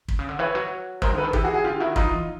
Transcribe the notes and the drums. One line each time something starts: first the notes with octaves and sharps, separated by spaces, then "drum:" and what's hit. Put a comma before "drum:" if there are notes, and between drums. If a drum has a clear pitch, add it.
C3, drum: kick
C#3
D3
E3 B4 C#5
F#3
G#3 A#4 C5, drum: kick
D3 A4 B4
D#3
E3 G4 A4, drum: kick
F#4 G#4
F#4 G#4
D3 F4 G4
D#3 E4 F#4
E3 D#4 F4, drum: kick
E3